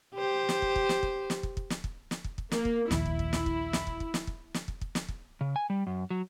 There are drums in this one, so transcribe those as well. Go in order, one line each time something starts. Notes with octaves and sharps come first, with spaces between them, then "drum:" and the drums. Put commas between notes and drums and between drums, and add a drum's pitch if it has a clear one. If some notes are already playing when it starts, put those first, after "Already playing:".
G4 C5
drum: snare
drum: kick
drum: kick
drum: snare
drum: kick
drum: snare
drum: kick
drum: kick
drum: snare
drum: kick
drum: snare
drum: kick
drum: kick
A#3, drum: snare
drum: kick
A#1 D#2 E4, drum: snare
drum: kick
drum: kick
drum: snare
drum: kick
drum: snare
drum: kick
drum: kick
drum: snare
drum: kick
drum: snare
drum: kick
drum: kick
drum: snare
drum: kick
C#3
G#5
G3
F#2
F#3